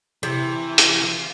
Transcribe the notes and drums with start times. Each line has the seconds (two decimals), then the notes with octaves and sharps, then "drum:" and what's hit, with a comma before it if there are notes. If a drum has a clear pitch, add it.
0.23 C3 E3
0.78 drum: hi-hat
1.04 F4